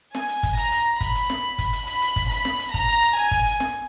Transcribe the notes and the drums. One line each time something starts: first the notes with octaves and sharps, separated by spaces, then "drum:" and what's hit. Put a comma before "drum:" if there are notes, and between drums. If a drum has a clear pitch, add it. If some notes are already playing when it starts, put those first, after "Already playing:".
G#5, drum: snare
drum: hi-hat
drum: kick G1, hi-hat
A#5, drum: hi-hat
drum: hi-hat
B5, drum: kick G1, hi-hat
drum: hi-hat
drum: snare
drum: kick G1, hi-hat
drum: hi-hat
B5, drum: hi-hat
drum: hi-hat
drum: kick G1, hi-hat
B5, drum: hi-hat
drum: snare
drum: hi-hat
A#5, drum: kick G1, hi-hat
drum: hi-hat
drum: hi-hat
G#5, drum: hi-hat
drum: kick G1, hi-hat
drum: hi-hat
drum: snare